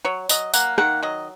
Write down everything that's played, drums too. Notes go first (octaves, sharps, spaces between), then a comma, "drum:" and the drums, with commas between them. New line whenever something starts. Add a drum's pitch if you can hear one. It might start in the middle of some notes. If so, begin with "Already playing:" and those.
F#3 C#5
F#3 D#5, drum: tambourine
A#3 F#5, drum: tambourine
D#3 F#5, drum: rim click
F#3 D#5